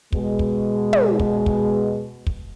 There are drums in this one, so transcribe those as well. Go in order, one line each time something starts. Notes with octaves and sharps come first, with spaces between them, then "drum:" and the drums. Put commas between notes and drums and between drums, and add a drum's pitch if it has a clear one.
B2 G#3, drum: kick
drum: kick
drum: tom
drum: kick
drum: kick
drum: kick